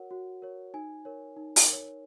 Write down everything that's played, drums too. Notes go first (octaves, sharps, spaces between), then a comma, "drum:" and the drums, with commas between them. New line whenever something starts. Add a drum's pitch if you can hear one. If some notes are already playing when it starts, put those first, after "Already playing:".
Already playing: F#4 A#4 C#5 F#5
F#4
A#4 C#5
D#4 G#5
A#4 C#5
D#4
drum: open hi-hat
A#4 C#5